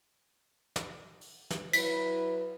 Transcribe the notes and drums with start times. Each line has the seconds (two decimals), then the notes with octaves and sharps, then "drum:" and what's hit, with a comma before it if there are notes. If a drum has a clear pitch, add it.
0.76 drum: snare
1.21 drum: open hi-hat
1.50 drum: snare
1.73 F#3 E4 B4 B6, drum: cymbal